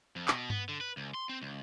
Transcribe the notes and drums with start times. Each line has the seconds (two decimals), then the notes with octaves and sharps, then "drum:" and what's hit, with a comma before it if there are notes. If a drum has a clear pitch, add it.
0.16 F2
0.28 B2, drum: clap
0.50 B3, drum: tom G2
0.69 D3
0.81 B4
0.97 C#2
1.14 C6
1.29 C4
1.42 C#2